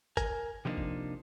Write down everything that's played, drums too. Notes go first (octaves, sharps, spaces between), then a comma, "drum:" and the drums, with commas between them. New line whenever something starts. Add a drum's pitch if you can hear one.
A#4 G#5, drum: kick G1, hi-hat
C3 F3 G3 A#3 D4 D#4
drum: kick G1